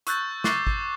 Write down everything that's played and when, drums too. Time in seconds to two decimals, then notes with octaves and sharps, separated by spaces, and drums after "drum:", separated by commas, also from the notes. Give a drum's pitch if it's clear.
0.07 C#6 E6 F#6 G6 A6, drum: hi-hat
0.44 C#6 D6 F#6 A6 C7 G7, drum: snare
0.67 drum: kick G#1